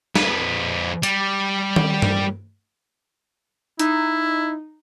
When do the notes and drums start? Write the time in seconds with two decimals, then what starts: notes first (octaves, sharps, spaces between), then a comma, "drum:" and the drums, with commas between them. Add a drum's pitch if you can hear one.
0.15 F2 B4, drum: snare
1.03 G3, drum: hi-hat
1.76 drum: tom D#3
2.02 drum: tom G2
3.79 D#4 E4, drum: hi-hat